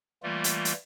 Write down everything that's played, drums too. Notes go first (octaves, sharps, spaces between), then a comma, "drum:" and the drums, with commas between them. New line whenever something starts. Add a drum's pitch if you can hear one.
E3 G3 A3 A#3 F4
drum: hi-hat
drum: hi-hat